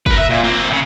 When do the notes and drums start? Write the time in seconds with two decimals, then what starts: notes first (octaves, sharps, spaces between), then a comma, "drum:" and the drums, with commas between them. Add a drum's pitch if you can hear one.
0.06 A#4 B4, drum: kick
0.17 E5
0.30 A#2
0.44 A#3 C4
0.70 A2 C#3